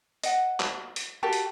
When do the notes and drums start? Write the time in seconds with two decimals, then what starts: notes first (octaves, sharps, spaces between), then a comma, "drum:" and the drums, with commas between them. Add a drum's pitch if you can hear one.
0.23 D#5 F#5, drum: hi-hat
0.60 drum: clap
0.96 drum: hi-hat
1.23 F#4 G4 A4 A#4
1.33 drum: hi-hat